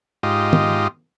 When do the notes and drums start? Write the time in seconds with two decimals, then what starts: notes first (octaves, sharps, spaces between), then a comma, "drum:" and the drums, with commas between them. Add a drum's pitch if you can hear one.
0.23 G#2 F4 G4 D#5
0.53 drum: tom